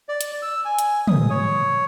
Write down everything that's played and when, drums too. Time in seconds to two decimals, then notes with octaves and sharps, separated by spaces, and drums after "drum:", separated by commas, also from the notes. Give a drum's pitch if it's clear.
0.09 D5
0.21 drum: hi-hat
0.42 E6
0.65 G#5
0.79 drum: hi-hat
1.07 D#6, drum: tom
1.30 C#5